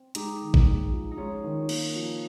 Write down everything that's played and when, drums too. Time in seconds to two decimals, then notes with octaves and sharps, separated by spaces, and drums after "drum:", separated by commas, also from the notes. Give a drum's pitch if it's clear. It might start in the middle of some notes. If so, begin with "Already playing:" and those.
Already playing: C4
0.15 G#3 D#4 G4, drum: hi-hat
0.41 D#3
0.54 drum: kick A1
0.67 G#3
0.92 F3
1.11 D#4
1.17 G#3 C#4 F4
1.44 D#3
1.69 A#3, drum: cymbal
1.95 F3